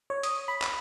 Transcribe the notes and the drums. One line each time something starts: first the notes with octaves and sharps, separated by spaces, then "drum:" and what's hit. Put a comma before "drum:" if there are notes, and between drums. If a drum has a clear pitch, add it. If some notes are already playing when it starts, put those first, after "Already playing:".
C#5
D#6, drum: hi-hat
B5
drum: clap